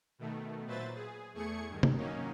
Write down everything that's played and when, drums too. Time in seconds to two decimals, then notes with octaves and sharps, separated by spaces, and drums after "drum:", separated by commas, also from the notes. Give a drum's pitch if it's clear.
0.19 B2 D#3 A3
0.66 A#2 F#3 B4 C5 E5 A6
0.95 G#4
1.34 E2 A3 G#4 C#6 G#6 C#7
1.68 G2 D#3
1.83 drum: tom C3
1.97 D#3 F#3 A#3 C#4 D#4